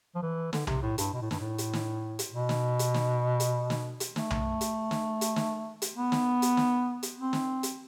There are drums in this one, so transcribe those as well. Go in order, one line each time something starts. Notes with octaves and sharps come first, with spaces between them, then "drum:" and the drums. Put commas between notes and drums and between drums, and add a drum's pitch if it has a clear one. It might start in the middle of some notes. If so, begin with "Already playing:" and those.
F3
E3
D3, drum: snare
C3, drum: tom B1
A2
G2, drum: hi-hat
B2
A2
G2, drum: snare
A2
drum: hi-hat
drum: snare
drum: hi-hat
B2
drum: snare
drum: hi-hat
drum: snare
drum: hi-hat
drum: snare
drum: hi-hat
A3, drum: snare
drum: tom B1
drum: hi-hat
drum: snare
drum: hi-hat
drum: snare
drum: hi-hat
B3
drum: snare
drum: hi-hat
drum: snare
drum: hi-hat
C4
drum: snare
drum: hi-hat